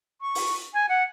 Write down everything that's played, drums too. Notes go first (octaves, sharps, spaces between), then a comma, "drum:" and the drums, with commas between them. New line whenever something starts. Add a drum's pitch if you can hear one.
C#6
drum: open hi-hat
G#5
F#5